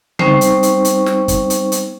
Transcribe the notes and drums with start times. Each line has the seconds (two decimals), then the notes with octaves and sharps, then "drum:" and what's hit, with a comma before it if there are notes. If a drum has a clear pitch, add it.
0.19 G3 B3 C4 D#4 C5 C#6, drum: tom C#3
0.41 drum: hi-hat
0.63 drum: hi-hat
0.85 drum: hi-hat
1.06 drum: snare
1.28 drum: kick, hi-hat
1.50 drum: hi-hat
1.72 drum: hi-hat